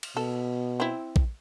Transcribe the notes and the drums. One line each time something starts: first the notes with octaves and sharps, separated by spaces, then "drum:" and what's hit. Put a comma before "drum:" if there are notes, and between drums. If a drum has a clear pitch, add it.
drum: cymbal
B2 A4
C4 E4
drum: kick